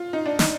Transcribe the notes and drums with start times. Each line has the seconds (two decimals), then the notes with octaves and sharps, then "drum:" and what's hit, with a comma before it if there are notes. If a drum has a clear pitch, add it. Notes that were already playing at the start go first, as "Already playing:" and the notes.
Already playing: F4
0.13 D#4
0.26 D4
0.39 D#4, drum: snare